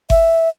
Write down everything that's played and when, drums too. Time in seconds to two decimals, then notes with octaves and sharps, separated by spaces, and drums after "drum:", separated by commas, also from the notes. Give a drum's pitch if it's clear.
0.10 E5, drum: kick G1